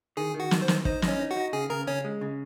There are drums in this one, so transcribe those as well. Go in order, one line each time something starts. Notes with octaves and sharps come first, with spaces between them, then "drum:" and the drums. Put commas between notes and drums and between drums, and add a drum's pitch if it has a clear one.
D#3 G#4 G#5
D#3
F#4 F#5
D#3, drum: snare
C5
D#3, drum: snare
D#4 C5, drum: kick
D#4, drum: snare
C#4 C#5
D#4
F#4 F#5
D#4
C#3 G#4 G#5
C#3 A#4 A#5
C#3 C#4 C#5
G#3
C#3